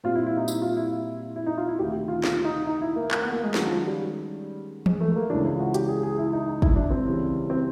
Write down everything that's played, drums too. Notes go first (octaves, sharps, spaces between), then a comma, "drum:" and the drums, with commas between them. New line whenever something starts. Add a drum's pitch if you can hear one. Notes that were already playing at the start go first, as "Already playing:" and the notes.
A#2 G3 C4 F4
E4
E4
D#4
E4, drum: tambourine
F4
E4
E4
D#4
F4
E4
D2 C3 D#3 G4
F4
F4, drum: snare
D#4
D#4
E4
A#3
A#3, drum: clap
B3
A#3
G#3
D#3 F#3 G#3 C#4 F#4, drum: snare
F3
F#3
G3
G#3, drum: tom E3
A3
A3
A#3
C#2 C#3 E3 D4
E4
F4
F#4
G4, drum: hi-hat
G#4
G#4
E4
D#4
D#4
E4, drum: kick
D4
C4
C#3 E3 G3
C4